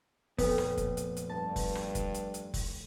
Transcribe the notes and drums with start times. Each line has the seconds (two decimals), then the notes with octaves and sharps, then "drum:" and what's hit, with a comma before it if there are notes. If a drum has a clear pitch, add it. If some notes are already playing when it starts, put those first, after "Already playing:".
0.38 F1 A#2 B3, drum: kick F1, open hi-hat
0.58 drum: rim click
0.78 drum: kick F1, hi-hat
0.97 drum: hi-hat
1.17 drum: hi-hat
1.29 G2 A5
1.56 drum: kick F1, open hi-hat
1.75 drum: rim click
1.95 drum: kick F1, hi-hat
2.14 drum: hi-hat
2.34 drum: hi-hat
2.54 drum: kick F1, open hi-hat